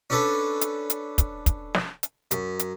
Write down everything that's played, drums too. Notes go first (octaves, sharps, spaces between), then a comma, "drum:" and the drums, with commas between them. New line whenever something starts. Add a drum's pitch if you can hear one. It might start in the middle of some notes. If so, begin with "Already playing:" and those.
C#4 D4 A4 B4
drum: hi-hat
drum: hi-hat
drum: kick, hi-hat
drum: kick, hi-hat
drum: snare
drum: hi-hat
F#2, drum: hi-hat
drum: hi-hat